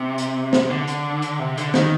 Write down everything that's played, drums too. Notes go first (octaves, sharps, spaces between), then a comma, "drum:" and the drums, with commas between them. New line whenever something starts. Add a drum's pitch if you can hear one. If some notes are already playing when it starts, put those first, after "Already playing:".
Already playing: C3
drum: hi-hat
drum: snare
D3
drum: hi-hat
drum: hi-hat
C3
D3, drum: hi-hat
D#3, drum: snare